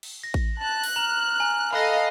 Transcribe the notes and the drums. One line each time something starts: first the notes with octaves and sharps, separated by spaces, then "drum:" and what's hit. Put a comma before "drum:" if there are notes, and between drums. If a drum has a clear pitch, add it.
drum: cymbal
A#6
drum: kick A1
A5 F#6
drum: open hi-hat
A#5 F6 E7 F#7
G#5 A#5
A4 D#5 F5 B5 F#6 A#6